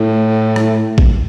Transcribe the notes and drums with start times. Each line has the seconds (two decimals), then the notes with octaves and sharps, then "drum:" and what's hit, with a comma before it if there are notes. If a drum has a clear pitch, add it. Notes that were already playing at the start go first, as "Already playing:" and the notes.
Already playing: A2
0.56 drum: rim click
0.98 drum: kick